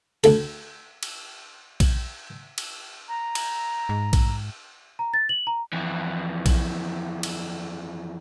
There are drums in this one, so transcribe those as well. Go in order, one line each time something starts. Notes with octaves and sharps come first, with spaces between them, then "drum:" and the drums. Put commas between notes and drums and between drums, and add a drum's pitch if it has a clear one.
D2 A4, drum: cymbal
drum: cymbal
drum: kick A#1, cymbal
drum: cymbal
A#5
drum: cymbal
G#2
drum: kick A#1, cymbal
A#5
A6
F#7
A#5
F2 E3
drum: kick A#1, cymbal
drum: cymbal